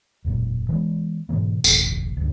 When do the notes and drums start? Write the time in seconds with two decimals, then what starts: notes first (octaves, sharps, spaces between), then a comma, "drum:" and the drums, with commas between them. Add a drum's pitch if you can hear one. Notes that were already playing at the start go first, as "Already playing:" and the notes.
0.25 E1 F#2 A#2
0.69 E3 G#3 B3
1.29 G#2 B2 E3 A#3
1.64 F#1 B1 E2 A2, drum: tambourine
2.17 D2 G2